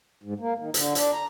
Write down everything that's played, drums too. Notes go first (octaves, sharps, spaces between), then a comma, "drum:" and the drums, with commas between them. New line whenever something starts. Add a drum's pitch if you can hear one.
G#2
A#3
D#3
D3, drum: hi-hat
D4, drum: hi-hat
A#5